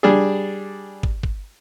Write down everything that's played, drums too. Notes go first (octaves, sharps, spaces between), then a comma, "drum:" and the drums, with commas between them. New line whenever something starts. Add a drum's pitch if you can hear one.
G3 D4 G#4
drum: kick
drum: kick